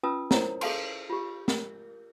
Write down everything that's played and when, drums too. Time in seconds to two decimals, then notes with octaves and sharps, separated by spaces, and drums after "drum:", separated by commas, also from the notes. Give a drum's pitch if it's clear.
0.03 C#4 F4 B4 A5 D#6 E6
0.31 E4 A#4 C5 C#5 A#5, drum: snare
0.61 G#4 A4 E5 F5 A5 C6, drum: cymbal
1.10 F4 G4
1.48 A#4, drum: snare